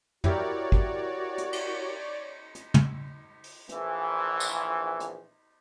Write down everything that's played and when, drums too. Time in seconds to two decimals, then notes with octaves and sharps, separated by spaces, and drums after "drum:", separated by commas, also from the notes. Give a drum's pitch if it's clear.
0.24 E4 F#4 G4 A#4 C#5 D5, drum: tom
0.72 drum: kick
1.38 drum: hi-hat
1.53 drum: cymbal
2.55 drum: hi-hat
2.74 drum: tom
3.44 drum: open hi-hat
3.69 A#1 E3, drum: hi-hat
4.40 drum: tambourine
5.00 drum: hi-hat